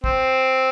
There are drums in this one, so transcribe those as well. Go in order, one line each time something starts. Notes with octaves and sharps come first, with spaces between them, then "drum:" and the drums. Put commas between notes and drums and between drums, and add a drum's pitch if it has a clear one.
C4, drum: kick